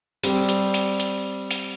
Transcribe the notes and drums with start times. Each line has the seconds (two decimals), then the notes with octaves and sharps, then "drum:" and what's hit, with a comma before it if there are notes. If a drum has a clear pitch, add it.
0.23 G3 C4 G4, drum: hi-hat
0.48 drum: hi-hat
0.74 drum: hi-hat
0.99 drum: hi-hat
1.51 drum: hi-hat